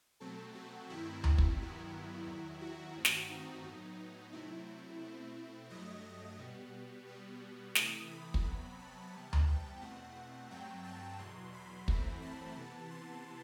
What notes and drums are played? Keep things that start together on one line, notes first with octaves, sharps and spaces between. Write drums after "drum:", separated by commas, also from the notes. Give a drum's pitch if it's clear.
B2 F#3 A3 C4 A4
F#4
G2 D#3 A3 C4 E4
E4, drum: tom D2
drum: kick
G2 D#3 F#3 B3
E2 D#3 F#3
F#4
G2 D#3 A3 C4
drum: snare
D#4
A2 F#3 B3
C3 F#3 A3 C4 E4
B2 A3 C4
G2 F#3 A3 D#5
B2 G3 B3
B2 G3 B3
C3 E3 A3 D#6, drum: snare
B5
drum: kick
C3 F#3 B3
A5
C3 E3 G3 B3 A5
drum: tom D2
G5
E2 B2 A3 C4 F#5
G2 F#3 A3 C4 G5
A5
E2 B2 F#3 C6
B5
F#2 E3 A3 C4, drum: kick
A5
C3 E3 B3
C6